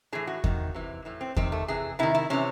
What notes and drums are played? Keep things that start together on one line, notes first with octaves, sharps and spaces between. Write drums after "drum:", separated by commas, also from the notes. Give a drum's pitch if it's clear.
A2 E3 G#4
F#4
C3 D#3, drum: kick E2
C3 E3
A2 E3
C4
C3 D#3 C4, drum: kick E2
A3
C3 E3 G#4
C3 D#3 E4
E4
C3 E3 C#4